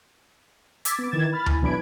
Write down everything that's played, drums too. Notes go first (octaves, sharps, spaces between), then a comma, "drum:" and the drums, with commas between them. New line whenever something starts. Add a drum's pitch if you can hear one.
D6 E6 G#6 A6 B6, drum: hi-hat
B3 D6
D#3 E3 G#6 A6 E7
B5 F6 A6
E4 G#5, drum: tom D2
B1 E3 D4 B5 G#6 D7